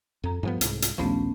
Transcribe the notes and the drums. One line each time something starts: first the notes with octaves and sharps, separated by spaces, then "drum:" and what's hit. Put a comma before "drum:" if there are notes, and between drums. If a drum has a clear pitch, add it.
F2 A4 A#5
G2 F3 B3
C2 G#2, drum: hi-hat
drum: hi-hat
A#1 D#2 F3 A3 B3 C#4